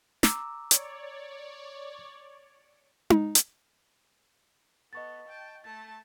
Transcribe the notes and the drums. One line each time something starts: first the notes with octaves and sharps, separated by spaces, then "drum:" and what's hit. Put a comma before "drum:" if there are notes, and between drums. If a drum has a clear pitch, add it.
A#5 D6 E6, drum: snare
C#5 D5, drum: hi-hat
drum: tom D#4
drum: hi-hat
B3 A4 D#5 C#6 A6
G5 A5
A3 A5 A6